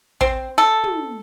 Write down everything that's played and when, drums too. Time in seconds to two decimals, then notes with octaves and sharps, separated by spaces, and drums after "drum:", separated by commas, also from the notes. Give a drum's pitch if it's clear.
0.21 C4, drum: kick
0.58 A4
0.84 drum: tom